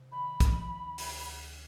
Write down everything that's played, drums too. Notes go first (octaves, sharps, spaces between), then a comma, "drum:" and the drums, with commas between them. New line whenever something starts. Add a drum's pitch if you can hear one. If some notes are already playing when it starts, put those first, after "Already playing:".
Already playing: C3
D#3 B5
D#3, drum: kick, hi-hat
D2
D2, drum: open hi-hat
D2